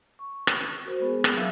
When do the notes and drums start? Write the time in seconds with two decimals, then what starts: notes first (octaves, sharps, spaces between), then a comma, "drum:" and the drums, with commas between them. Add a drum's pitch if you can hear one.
0.19 C#6
0.47 drum: rim click
0.86 F#4 A#4 C5
1.00 G#3 B3 G#4
1.24 drum: rim click
1.34 F#3 G#3 A#4 E5 F5 E6